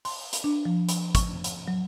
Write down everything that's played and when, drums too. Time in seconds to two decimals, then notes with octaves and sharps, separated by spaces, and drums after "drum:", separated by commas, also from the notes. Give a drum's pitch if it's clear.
0.05 C6, drum: open hi-hat
0.33 drum: hi-hat
0.44 D4
0.65 F3
0.89 drum: hi-hat
1.15 C#6, drum: kick, hi-hat
1.44 drum: hi-hat
1.68 F#3